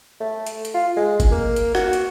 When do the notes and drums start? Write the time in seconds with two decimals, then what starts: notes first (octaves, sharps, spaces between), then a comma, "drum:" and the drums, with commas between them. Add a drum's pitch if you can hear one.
0.21 A3
0.46 drum: hi-hat
0.65 drum: hi-hat
0.75 F4
0.97 G#3
1.20 drum: kick G1, hi-hat
1.32 A#3
1.56 drum: hi-hat
1.75 F#4, drum: rim click
1.93 drum: hi-hat